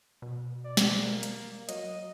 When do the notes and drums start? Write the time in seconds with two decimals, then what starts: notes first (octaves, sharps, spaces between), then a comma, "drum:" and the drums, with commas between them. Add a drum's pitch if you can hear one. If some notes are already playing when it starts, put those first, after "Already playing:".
0.22 B2
0.65 D5
0.77 drum: snare
1.02 A#3
1.23 drum: hi-hat
1.69 F#3 D#5, drum: hi-hat